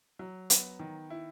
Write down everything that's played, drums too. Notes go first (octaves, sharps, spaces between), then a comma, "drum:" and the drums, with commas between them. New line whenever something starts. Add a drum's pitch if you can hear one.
F#3
B3, drum: hi-hat
D#3
E4